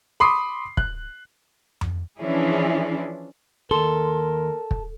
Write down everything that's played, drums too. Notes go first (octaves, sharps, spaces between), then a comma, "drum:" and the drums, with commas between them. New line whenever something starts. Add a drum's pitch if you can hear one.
B5 C6 D6 D#6 C7
F#6, drum: kick
drum: tom F2
E3 F3 C#4 D4 E4 G#4
D#2 A4 A#4 C6
drum: kick